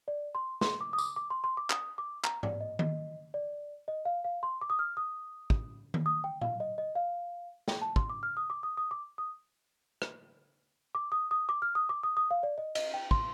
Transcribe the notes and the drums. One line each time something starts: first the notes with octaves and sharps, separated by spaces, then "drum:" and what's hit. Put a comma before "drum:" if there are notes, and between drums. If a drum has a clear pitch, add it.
D5
C6
C6, drum: snare
D6
D#6
D6, drum: tambourine
D6
C6
C6
D6
D#6, drum: clap
D6
A#5, drum: clap
D5, drum: tom G#2
D#5
D#5, drum: tom D#3
D5
D#5
F5
F5
C6
D6
D#6
F6
D#6
drum: kick
drum: tom D#3
D#6
G5
F5, drum: tom A#2
D#5
D#5
F5
G5, drum: snare
A5
C6, drum: kick
D6
F6
D#6
D6
D#6
D#6
D6
D#6
drum: rim click
D6
D#6
D#6
D6
F6
D#6
D6
D#6
D#6
F5
D5
D#5
D#5, drum: cymbal
G5
C6, drum: kick